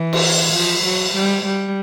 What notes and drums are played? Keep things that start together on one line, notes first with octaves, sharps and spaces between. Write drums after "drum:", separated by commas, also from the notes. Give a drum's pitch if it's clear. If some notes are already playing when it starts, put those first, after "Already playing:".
Already playing: E3
drum: cymbal
F3
F#3
G3
G3